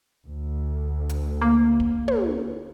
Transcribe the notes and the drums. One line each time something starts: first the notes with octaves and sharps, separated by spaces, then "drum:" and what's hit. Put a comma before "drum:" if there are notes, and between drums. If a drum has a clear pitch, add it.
D2
drum: hi-hat
A#3
drum: kick
drum: tom